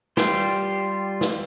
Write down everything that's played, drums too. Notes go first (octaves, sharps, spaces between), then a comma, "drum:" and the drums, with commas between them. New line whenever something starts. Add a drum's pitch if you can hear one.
G3 F4 G4 C5, drum: snare
drum: snare